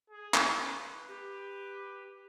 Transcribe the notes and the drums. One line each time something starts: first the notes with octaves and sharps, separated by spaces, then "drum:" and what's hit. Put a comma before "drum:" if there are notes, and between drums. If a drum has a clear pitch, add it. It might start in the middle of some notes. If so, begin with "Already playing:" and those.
G#4
drum: clap
B4
G4